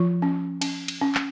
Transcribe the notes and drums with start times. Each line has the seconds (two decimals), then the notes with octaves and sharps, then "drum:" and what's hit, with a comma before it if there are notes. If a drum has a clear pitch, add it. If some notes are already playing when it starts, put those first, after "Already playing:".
Already playing: F3 F4
0.22 C#4
0.62 C#4, drum: cymbal
0.88 drum: cymbal
1.01 C#4
1.15 drum: clap